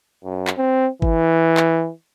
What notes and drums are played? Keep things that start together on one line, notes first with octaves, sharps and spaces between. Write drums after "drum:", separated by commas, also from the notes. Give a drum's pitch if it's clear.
F#2
drum: clap
C4
E3, drum: kick G1
drum: clap